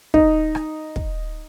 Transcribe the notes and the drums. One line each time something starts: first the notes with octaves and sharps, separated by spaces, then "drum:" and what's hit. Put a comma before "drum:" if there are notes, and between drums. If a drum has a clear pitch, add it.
D#4, drum: kick
drum: rim click
drum: kick